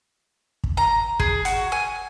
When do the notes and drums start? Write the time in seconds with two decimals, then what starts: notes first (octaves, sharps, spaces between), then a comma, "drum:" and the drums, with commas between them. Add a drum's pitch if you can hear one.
0.64 drum: kick
0.77 A#5
1.20 G#4, drum: kick
1.45 F#4, drum: hi-hat
1.72 G#5